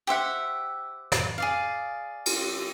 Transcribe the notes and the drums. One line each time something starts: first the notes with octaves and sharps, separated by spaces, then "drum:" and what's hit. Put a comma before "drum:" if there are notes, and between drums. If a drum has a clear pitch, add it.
G4 C5 E5 F#5
drum: snare
G#4 D5 F5
drum: cymbal